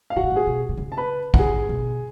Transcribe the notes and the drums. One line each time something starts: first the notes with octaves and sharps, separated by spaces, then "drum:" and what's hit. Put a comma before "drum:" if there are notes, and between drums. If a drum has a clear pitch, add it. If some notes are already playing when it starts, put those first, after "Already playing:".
F5
A2 F#4 F#5
B2
A2
G#4 G#5
B2
B2
C#3
A5
B4 B5
F#5, drum: kick
D3 G#4 G#5
B2